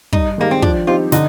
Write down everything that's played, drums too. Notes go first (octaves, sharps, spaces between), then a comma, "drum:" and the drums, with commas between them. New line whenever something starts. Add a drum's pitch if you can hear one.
G2 D#4, drum: kick
D#3 G#3 A#3 D#4 G4
C4
F3 D4, drum: kick
C4 D#4 F4 G4 C5
D3 D#4, drum: snare